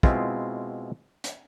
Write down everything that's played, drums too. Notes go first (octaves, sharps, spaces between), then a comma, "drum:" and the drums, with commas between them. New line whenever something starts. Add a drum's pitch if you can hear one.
B2 G#3 C4 E4 F4, drum: kick
drum: hi-hat